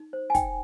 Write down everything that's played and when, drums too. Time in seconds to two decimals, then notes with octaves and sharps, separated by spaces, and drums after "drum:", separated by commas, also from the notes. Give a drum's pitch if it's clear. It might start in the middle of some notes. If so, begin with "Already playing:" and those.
Already playing: D#4
0.13 C5
0.30 G#5
0.35 D#4 G5, drum: kick, hi-hat